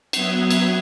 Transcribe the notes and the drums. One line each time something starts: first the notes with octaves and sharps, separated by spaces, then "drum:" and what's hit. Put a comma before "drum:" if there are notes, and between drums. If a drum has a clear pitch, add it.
F#3 B3 E5 D#6 F#6 G#6, drum: cymbal
drum: cymbal